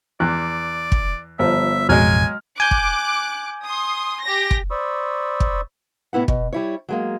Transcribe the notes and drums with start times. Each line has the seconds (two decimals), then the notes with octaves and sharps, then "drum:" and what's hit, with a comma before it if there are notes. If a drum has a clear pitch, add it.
0.20 E2 D5 F#6
0.92 drum: kick
1.39 G1 F3 E5
1.89 A1 F2 B2 F#3 G#3 G#5 F6
2.60 G#5 D6 F#6 G6
2.71 drum: kick
3.64 C6 D#6
4.22 G4 A#6
4.51 drum: kick
4.71 C5 D5 B5 C#6 D#6 E6
5.40 drum: kick
6.13 A2 B3 E4 F#5
6.28 B2, drum: kick
6.53 G3 E4 C#5
6.89 F#3 G#3 A#3